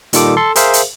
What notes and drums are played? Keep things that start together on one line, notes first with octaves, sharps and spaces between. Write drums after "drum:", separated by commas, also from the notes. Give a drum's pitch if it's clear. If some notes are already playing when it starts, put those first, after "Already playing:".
A#2 D#3 G3 F4 A4 D6, drum: hi-hat
A4 C6
G#4 A#4 C5 E5 F5, drum: hi-hat
drum: hi-hat